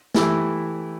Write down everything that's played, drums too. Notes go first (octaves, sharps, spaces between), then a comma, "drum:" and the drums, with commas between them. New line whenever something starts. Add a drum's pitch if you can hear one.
E3 A3 E4 G4, drum: snare